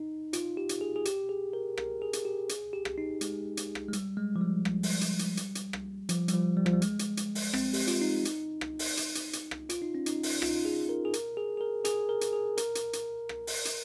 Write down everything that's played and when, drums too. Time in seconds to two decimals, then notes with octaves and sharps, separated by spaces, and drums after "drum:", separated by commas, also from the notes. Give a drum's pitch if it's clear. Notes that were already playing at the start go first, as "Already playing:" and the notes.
Already playing: D#4
0.33 F4, drum: hi-hat
0.57 G4
0.69 drum: hi-hat
0.81 G#4
0.96 G#4
1.05 G4, drum: hi-hat
1.29 G#4
1.53 A#4
1.77 A#4, drum: rim click
2.02 G#4
2.13 drum: hi-hat
2.25 G4
2.49 G#4, drum: hi-hat
2.73 G4
2.85 drum: rim click
2.98 D#4
3.21 G#3, drum: hi-hat
3.57 drum: hi-hat
3.75 drum: rim click
3.88 G#3
3.93 G3, drum: hi-hat
4.17 G#3
4.36 F3
4.41 G3
4.65 drum: rim click
4.83 drum: open hi-hat
5.01 drum: hi-hat
5.19 drum: hi-hat
5.37 drum: hi-hat
5.55 drum: hi-hat
5.73 drum: rim click
6.09 F3, drum: hi-hat
6.28 G3, drum: hi-hat
6.33 F3
6.57 G3
6.66 F3, drum: rim click
6.73 G3
6.82 G#3, drum: hi-hat
6.99 drum: hi-hat
7.17 drum: hi-hat
7.35 drum: open hi-hat
7.54 C4, drum: rim click
7.73 G4, drum: open hi-hat
7.88 F4, drum: hi-hat
8.01 D#4
8.25 drum: hi-hat
8.61 drum: rim click
8.79 drum: open hi-hat
8.97 drum: hi-hat
9.15 drum: hi-hat
9.33 drum: hi-hat
9.51 drum: rim click
9.69 F4, drum: hi-hat
9.82 D#4
9.95 C#4
10.06 D#4, drum: hi-hat
10.23 drum: open hi-hat
10.42 F4, drum: rim click
10.49 D#4
10.56 F4
10.65 G#4
10.89 A#4
11.05 G#4
11.13 A#4, drum: hi-hat
11.37 G#4
11.57 G#4
11.61 A#4
11.85 G#4, drum: hi-hat
12.09 A#4
12.21 drum: hi-hat
12.33 G#4
12.57 A#4, drum: hi-hat
12.75 drum: hi-hat
12.93 drum: hi-hat
13.29 drum: rim click
13.47 drum: open hi-hat
13.65 drum: hi-hat